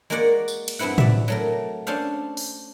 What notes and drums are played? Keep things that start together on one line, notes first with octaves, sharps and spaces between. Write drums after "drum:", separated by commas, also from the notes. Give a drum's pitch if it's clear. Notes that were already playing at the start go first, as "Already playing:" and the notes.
G#3 A#3 F#4 A#4 D5 F#5
drum: tambourine
drum: cymbal
G2 B3 C4 E4 F#5
D5 E5, drum: tom A2
F#3 A3 A#4
C#4 D4 A4 C5 F5
drum: open hi-hat